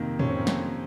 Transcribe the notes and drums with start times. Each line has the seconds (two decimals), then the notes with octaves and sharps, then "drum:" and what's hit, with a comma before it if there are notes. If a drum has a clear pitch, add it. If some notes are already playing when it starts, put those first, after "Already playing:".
Already playing: F2 C3 D#3 A#3
0.19 F2 C#4, drum: tom
0.30 C4
0.41 A#3
0.47 F2 C4, drum: snare